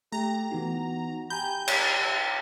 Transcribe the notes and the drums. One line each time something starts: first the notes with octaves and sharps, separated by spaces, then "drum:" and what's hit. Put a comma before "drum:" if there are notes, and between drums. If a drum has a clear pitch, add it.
A3 G4 A#5
E3 B3 D#4 F#4
G4 G#5 A#5 B5 G6
C#5 D5 A6, drum: cymbal
G5 E6